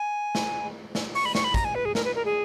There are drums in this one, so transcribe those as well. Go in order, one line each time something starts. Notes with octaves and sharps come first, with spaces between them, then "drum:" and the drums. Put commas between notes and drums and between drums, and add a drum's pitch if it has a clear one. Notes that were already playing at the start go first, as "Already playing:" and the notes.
Already playing: G#5
drum: snare
drum: snare
C#6, drum: open hi-hat
B5
C#6, drum: snare
B5
A#5, drum: kick, hi-hat
G#5
B4
G#4
A#4, drum: snare
B4
A#4
G#4